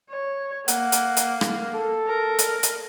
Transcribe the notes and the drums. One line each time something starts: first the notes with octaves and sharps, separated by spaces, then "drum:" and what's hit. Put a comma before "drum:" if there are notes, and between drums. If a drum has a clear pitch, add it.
C#5
A#3 F#5, drum: hi-hat
drum: hi-hat
drum: hi-hat
drum: rim click
A4
A#4
drum: hi-hat
drum: hi-hat